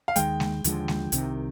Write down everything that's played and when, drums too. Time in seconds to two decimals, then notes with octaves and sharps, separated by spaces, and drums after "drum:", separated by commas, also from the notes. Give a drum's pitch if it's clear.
0.08 F5
0.16 D#2 D#3 G#3 G5, drum: hi-hat
0.40 drum: snare G#3
0.64 D#2 D3 F3 G#3, drum: hi-hat
0.88 drum: snare G#3
1.12 C2 C3 D#3, drum: hi-hat